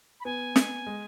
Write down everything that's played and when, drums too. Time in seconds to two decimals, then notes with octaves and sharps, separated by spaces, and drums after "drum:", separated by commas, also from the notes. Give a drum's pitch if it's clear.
0.20 B5
0.25 B3 G#5
0.56 drum: snare
0.87 G#3